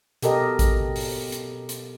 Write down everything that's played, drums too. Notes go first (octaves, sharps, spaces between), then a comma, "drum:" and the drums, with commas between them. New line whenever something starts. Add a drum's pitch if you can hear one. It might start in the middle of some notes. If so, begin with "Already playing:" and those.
B2 G4 A4 A#4 D#5, drum: hi-hat
drum: kick A1, hi-hat
drum: open hi-hat
drum: hi-hat
drum: hi-hat